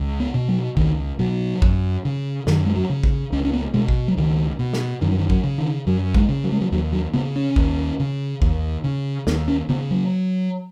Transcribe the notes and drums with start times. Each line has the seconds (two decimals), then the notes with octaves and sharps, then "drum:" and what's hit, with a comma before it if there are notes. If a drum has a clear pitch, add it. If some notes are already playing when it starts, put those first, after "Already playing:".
Already playing: C#2
0.20 B3
0.34 B2
0.48 F#3
0.77 C#2 D#3, drum: kick A1
1.19 B2 F#3
1.62 F#2, drum: kick A1
2.05 C#3
2.47 F#2 D#3, drum: snare
2.65 G#3
2.76 F#3
2.90 C#3
3.03 drum: kick A1
3.32 C#2 C#4
3.45 C#4
3.53 B3
3.74 B2 G#3
3.88 drum: kick A1
4.08 F#3
4.17 C#2 D#3
4.59 B2
4.73 drum: snare
5.01 F#2 D#3
5.11 F#3
5.19 D#3
5.30 F#3, drum: kick A1
5.44 C#3
5.58 D#3
5.87 F#2 F#3
6.14 G#3, drum: kick A1
6.29 C#3
6.44 F#3
6.52 G#3
6.61 F#3
6.72 D#2 F#3
6.92 F#3
7.14 C#3 B3
7.36 C#4
7.56 D#2, drum: kick A1
8.00 C#3
8.42 D#2, drum: kick A1
8.84 C#3
9.27 D#2 B3, drum: snare
9.48 C#4
9.69 C#3 B3
9.91 F#3